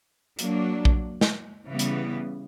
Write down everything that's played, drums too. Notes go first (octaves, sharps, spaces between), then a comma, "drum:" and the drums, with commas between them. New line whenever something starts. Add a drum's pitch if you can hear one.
F#3 A#3 D4, drum: hi-hat
drum: kick A#1
drum: snare
C#3 E3 G3 B3
drum: hi-hat